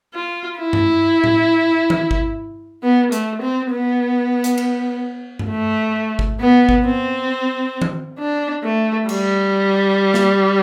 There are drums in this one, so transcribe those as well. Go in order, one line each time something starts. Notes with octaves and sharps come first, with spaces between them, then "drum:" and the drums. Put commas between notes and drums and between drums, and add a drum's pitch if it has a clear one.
F4
E4
drum: tom G2
drum: tom A2
drum: tom D#3
drum: kick G#1
B3
A3, drum: hi-hat
C4
B3
drum: hi-hat
drum: cymbal
drum: tom G2
A3
drum: kick G#1
B3
drum: kick G#1
C4
drum: tom D#3
D4
A3
G3, drum: cymbal
drum: snare